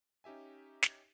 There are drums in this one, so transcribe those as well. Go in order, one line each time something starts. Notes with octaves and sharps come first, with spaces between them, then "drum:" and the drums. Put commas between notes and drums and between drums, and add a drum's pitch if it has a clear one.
C#4 D#4 G4 E5 G#5
drum: snare